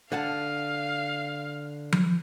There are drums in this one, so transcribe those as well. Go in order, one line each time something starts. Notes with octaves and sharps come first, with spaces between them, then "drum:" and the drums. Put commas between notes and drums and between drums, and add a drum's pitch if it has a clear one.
D3 F5 F#5 A5
drum: tom F3